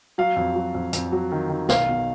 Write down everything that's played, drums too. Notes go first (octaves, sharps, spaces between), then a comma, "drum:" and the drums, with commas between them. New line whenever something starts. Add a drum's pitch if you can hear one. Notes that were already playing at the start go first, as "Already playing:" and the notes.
F#3 F5
F2
F#3
F2
F2, drum: hi-hat
F#3
D#3
D#3
B1 F5, drum: snare
B2